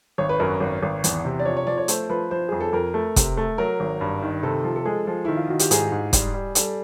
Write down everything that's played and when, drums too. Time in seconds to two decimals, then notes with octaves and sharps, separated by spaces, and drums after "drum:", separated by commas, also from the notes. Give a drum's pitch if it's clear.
0.18 G#1 C#5
0.29 B4
0.40 F#2 A#4
0.60 G#1
0.83 G#1
1.04 E2, drum: hi-hat
1.25 C3
1.40 D5
1.45 F3 C#5
1.57 C#5
1.67 F3 D5
1.78 C#5
1.88 A3 C5, drum: hi-hat
2.10 F3 B4
2.31 F3 C5
2.49 F2 G#4
2.60 A4
2.73 F2 A#4
2.94 A3
3.16 C3, drum: kick, hi-hat
3.37 A3
3.58 F#3 A#4
3.80 G#1
4.01 G2
4.22 D#3
4.43 C3 A4
4.64 F3
4.76 A4
4.85 G#3 G#4
5.07 F3
5.25 D#3 E4
5.37 F4
5.48 D#3 F#4
5.59 G4, drum: hi-hat
5.71 G#2 G#4, drum: hi-hat
5.92 G#2
6.13 G3, drum: kick, hi-hat
6.34 G3
6.55 G3 A4, drum: hi-hat